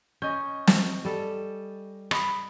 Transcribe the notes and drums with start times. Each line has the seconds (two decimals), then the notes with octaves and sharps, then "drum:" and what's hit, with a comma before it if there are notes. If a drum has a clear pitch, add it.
0.22 C#4 D#5 G6
0.67 drum: snare
1.05 G3 A4
2.11 D#5 B5, drum: rim click